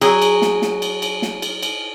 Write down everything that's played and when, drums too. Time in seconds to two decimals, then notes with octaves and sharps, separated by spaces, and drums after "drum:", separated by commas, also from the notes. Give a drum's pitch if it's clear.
0.01 F#3 G#4, drum: cymbal
0.22 drum: cymbal
0.42 drum: snare
0.62 drum: snare
0.82 drum: cymbal
1.02 drum: cymbal
1.22 drum: snare
1.42 drum: cymbal
1.63 drum: cymbal